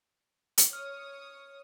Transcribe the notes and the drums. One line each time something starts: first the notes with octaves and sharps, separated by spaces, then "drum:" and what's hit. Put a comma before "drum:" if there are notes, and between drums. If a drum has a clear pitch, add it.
drum: hi-hat
C#5 D#6 F6